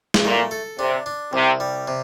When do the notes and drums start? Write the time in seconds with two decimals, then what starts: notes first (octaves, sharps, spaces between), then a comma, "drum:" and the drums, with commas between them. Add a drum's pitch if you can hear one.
0.14 drum: snare
0.24 A#2 A3
0.51 A4
0.79 C3 D4
1.06 D4
1.33 C2 C3
1.60 G3
1.88 C3